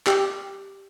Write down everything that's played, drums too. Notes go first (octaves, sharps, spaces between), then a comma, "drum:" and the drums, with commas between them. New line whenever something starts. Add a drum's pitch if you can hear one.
G4, drum: clap